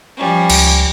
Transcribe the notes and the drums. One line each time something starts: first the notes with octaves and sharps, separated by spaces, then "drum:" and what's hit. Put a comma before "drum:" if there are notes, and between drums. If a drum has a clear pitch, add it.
F3 G3 C#4
C#2, drum: cymbal